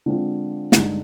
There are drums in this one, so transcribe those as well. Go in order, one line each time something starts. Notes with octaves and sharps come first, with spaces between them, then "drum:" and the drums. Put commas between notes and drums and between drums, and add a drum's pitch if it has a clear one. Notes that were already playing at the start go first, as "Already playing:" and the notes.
D3 G#3 C4 F4
G2 D3 G#3 D#4, drum: snare